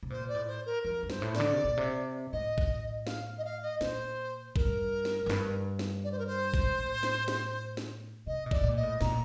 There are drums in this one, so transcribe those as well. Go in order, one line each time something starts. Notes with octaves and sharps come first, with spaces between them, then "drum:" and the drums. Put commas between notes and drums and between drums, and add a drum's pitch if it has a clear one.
C3
A#2 C5
D5
A2
C5
A#4
F2 A#4
G2
C5, drum: snare
A2
D5, drum: snare
D3
C3
A#2
C3
A2 D#5
drum: kick
F5, drum: snare
D#5
F5
D#5
A#2 C5, drum: snare
G2 A#4, drum: kick
drum: snare
F2
G2, drum: snare
drum: snare
D5
C5
A#4
C5
drum: kick
A2
drum: snare
drum: snare
drum: snare
C3 D#5
A#2
D5, drum: kick
A#2
D#5
A2
A#2 A#5, drum: snare